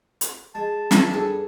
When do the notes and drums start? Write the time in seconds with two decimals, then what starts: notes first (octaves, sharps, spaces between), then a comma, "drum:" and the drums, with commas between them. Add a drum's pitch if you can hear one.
0.21 drum: hi-hat
0.55 G#3 A5
0.91 drum: snare
1.11 G2 D4 G#4 A4